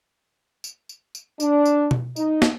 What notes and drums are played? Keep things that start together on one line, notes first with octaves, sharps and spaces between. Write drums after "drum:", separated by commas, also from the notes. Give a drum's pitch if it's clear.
drum: tambourine
drum: tambourine
drum: tambourine
D4, drum: tambourine
drum: tambourine
drum: tom B2
D#4, drum: tambourine
drum: snare